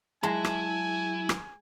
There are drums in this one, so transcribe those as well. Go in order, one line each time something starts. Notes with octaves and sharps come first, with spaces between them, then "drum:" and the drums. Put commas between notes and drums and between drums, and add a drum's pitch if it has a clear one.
F#3 G#3 E4 F#5 G#5 A5
drum: rim click
drum: rim click